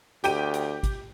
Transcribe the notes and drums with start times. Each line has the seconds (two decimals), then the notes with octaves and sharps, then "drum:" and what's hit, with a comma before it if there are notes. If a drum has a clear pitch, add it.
0.24 D2 G4 G5 D#7, drum: hi-hat
0.54 drum: hi-hat
0.83 drum: kick, hi-hat